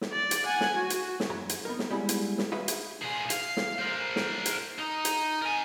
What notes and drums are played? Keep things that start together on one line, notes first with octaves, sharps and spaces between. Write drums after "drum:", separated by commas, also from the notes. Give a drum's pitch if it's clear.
drum: snare
D5
drum: hi-hat
F#5 G#5
drum: snare
F#4
drum: hi-hat
drum: snare
F#2 F#3 A#5
drum: hi-hat
B3 D#4 A#4
drum: snare
G3 G#3 B3 E4
drum: hi-hat
drum: snare
D#4 F#4 G#4 B4 E5 F5
drum: hi-hat
A#2 G#4
F5, drum: hi-hat
drum: snare
A#4 C5
drum: snare
drum: hi-hat
D#4
drum: hi-hat
A#4 G#5